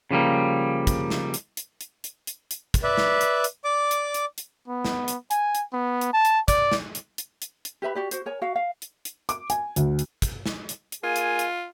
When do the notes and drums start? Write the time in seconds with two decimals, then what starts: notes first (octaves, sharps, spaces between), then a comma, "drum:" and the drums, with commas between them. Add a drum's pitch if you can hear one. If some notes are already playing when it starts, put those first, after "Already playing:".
0.11 C#3 F3 G3 A#3
0.87 drum: kick, hi-hat
1.10 drum: snare
1.34 drum: hi-hat
1.57 drum: hi-hat
1.81 drum: hi-hat
2.04 drum: hi-hat
2.27 drum: hi-hat
2.51 drum: hi-hat
2.74 drum: kick, hi-hat
2.83 B4 D5 E5
2.97 drum: snare
3.21 drum: hi-hat
3.44 drum: hi-hat
3.64 D5 D6
3.91 drum: hi-hat
4.14 drum: hi-hat
4.38 drum: hi-hat
4.68 B3
4.85 drum: snare
5.08 drum: hi-hat
5.31 G#5, drum: hi-hat
5.55 drum: hi-hat
5.73 B3
6.01 drum: hi-hat
6.13 A5
6.25 drum: hi-hat
6.48 D5, drum: kick, hi-hat
6.72 drum: snare
6.95 drum: hi-hat
7.18 drum: hi-hat
7.42 drum: hi-hat
7.65 drum: hi-hat
7.82 G4 B4 E5 B5
7.95 F#4 G4 D5
8.11 F#4 C5, drum: hi-hat
8.26 A#4 C#5 G#5
8.42 F#4 F5
8.56 F5
8.82 drum: hi-hat
9.05 drum: hi-hat
9.29 D6, drum: hi-hat
9.50 G#5, drum: hi-hat
9.76 D2, drum: hi-hat
9.99 drum: hi-hat
10.22 drum: kick, hi-hat
10.46 drum: snare
10.69 drum: hi-hat
10.92 drum: hi-hat
11.03 A#3 F4 G#4 G#5
11.16 drum: hi-hat
11.39 drum: hi-hat